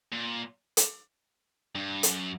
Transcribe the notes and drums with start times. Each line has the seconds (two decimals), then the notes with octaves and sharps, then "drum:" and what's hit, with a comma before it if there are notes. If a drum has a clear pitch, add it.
0.12 A#2
0.77 drum: hi-hat
1.75 G2
2.03 F#2, drum: hi-hat